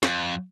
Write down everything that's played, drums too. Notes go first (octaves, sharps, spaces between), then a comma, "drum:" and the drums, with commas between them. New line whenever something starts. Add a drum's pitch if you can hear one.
F2, drum: snare